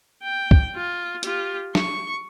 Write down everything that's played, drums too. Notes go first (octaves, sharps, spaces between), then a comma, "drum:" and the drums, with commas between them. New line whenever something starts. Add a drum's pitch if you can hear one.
G5
drum: kick
F4
F4 G4, drum: hi-hat
C#6, drum: snare